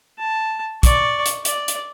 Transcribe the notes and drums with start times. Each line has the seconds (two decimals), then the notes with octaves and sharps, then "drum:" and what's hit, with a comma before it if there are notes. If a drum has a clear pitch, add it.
0.19 A5
0.83 D5 C#6, drum: kick, hi-hat
1.26 drum: hi-hat
1.45 D5, drum: hi-hat
1.68 drum: hi-hat